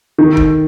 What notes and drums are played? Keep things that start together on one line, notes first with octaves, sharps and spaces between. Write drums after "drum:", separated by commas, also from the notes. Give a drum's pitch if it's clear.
D#3
drum: kick G1